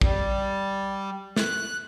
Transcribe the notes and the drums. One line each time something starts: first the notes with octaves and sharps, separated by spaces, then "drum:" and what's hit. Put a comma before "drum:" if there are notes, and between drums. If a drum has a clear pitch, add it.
G3, drum: kick
F#6, drum: snare